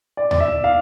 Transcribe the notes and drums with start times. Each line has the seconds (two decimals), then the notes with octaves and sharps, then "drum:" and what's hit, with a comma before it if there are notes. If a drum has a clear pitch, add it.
0.17 D5
0.31 D5, drum: tom D#2
0.40 E5
0.64 F5